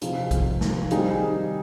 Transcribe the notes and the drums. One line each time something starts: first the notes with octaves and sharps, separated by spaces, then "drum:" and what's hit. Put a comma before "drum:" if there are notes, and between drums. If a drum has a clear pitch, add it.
C3 F3 C4 D#4 G#4, drum: hi-hat
drum: kick, hi-hat
drum: snare
D#3 G3 C4 D#4 G#4, drum: hi-hat